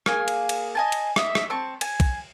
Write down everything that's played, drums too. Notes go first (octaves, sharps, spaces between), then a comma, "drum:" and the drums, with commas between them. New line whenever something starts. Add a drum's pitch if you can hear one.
A#3 G#4 G#5, drum: rim click
drum: cymbal
drum: cymbal
D#5 G#5 A5
drum: cymbal
D#5 E5, drum: rim click
drum: rim click
C4 A5 C#6
G#5, drum: cymbal
drum: kick, cymbal